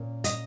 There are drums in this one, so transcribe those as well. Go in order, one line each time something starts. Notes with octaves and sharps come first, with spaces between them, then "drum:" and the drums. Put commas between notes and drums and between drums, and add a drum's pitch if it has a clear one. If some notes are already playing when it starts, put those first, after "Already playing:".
Already playing: A#2 C#4
D#5, drum: hi-hat